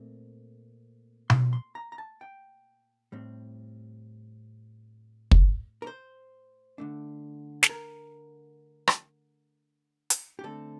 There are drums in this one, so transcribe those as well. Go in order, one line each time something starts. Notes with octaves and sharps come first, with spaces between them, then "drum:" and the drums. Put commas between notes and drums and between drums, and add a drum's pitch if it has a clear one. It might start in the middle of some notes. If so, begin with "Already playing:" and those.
Already playing: A#2 A3 C4
C6, drum: tom B2
C6
A#5
A#5
A5
G5
A2 G3 C4
drum: kick
A#4
C5
D3 A3 D4
A4, drum: snare
A#4
drum: rim click
drum: hi-hat
G4
D3 A3 C4 A4